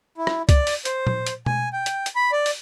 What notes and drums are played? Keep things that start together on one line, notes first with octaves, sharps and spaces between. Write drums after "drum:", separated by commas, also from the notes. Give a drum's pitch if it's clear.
E4
drum: rim click
D5, drum: kick, hi-hat
drum: open hi-hat
C5, drum: hi-hat
drum: tom A#2
drum: hi-hat
G#5, drum: tom B2
G5
drum: hi-hat
drum: hi-hat
B5
D5
drum: open hi-hat